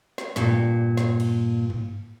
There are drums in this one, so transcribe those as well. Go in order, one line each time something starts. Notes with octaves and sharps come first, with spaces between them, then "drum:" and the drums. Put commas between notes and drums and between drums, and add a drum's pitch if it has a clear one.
drum: snare
G2 A#2, drum: snare
drum: snare
drum: cymbal
drum: tom G2